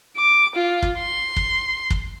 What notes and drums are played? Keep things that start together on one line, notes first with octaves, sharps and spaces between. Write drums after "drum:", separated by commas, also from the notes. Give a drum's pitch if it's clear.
D6
F4
drum: kick
C6
drum: kick
drum: kick